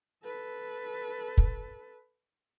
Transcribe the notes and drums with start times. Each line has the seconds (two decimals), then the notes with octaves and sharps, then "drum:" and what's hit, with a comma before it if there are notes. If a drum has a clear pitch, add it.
0.24 A4 B4
1.38 drum: kick